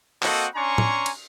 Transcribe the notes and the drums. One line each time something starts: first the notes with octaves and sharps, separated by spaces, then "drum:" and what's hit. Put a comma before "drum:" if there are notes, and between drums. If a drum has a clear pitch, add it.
A#3 C4 F#4 A4 D#5 F#5, drum: clap
C#4 D4 G#5 A#5 C6 C#6
drum: tom A2
drum: cymbal